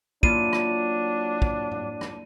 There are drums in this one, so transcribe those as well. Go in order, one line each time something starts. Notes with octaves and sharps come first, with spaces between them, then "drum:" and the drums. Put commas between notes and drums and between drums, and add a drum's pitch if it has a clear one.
F#3 A#3 D4 E4 F4 D#7, drum: kick
drum: rim click
drum: kick
drum: tom G#2
drum: rim click